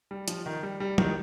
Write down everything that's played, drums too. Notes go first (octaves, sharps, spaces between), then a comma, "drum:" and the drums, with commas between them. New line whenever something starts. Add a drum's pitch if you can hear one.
G3
F3, drum: hi-hat
D#3
G3
G3
D#3, drum: tom F#3